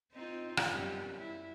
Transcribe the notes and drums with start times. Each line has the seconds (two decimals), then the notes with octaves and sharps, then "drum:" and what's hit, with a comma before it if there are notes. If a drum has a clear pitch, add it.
0.13 C4 D#4 F4
0.57 drum: rim click
0.71 F#2 G3 B3
1.17 E4